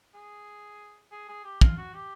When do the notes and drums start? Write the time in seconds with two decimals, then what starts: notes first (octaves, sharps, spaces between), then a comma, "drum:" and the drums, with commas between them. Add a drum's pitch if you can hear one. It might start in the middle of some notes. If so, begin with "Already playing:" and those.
0.14 G#4
1.12 G#4
1.28 G#4
1.44 G4
1.61 F4, drum: kick
1.77 F#4
1.94 G4